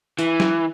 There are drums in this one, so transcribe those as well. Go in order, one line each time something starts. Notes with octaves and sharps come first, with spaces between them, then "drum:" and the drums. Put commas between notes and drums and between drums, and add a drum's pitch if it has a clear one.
E3, drum: hi-hat
drum: snare